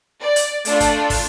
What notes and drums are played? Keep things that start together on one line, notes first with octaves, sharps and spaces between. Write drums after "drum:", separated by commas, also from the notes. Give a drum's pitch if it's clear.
D5
drum: hi-hat
A3 D4 F4 A4 D5, drum: hi-hat
drum: kick, hi-hat
drum: kick, open hi-hat